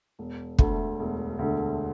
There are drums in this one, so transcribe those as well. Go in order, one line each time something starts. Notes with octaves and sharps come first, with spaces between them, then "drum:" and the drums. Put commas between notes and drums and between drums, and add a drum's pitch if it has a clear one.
E1
D2 D3 A3, drum: kick
E1
D2 D3 A3